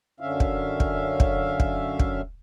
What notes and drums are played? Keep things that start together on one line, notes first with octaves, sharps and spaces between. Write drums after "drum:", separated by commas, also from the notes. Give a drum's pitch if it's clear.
F#2 D3 C#4 E5 F5
drum: kick
drum: kick
drum: kick
drum: kick
drum: kick